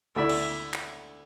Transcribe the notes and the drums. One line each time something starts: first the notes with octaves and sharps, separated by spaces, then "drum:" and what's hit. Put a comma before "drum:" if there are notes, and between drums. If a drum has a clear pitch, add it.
D2 D3 A3 E4 D5 E5
drum: cymbal
drum: clap